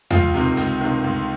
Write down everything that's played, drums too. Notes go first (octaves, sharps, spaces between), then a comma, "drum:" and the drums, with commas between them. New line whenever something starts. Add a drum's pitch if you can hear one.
C#2 F4, drum: tom E2
C3 D#3
C#2, drum: hi-hat
C3 D#3
C#2